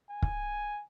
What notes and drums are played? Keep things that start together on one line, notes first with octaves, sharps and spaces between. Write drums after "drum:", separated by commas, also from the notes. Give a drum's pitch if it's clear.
G#5
drum: kick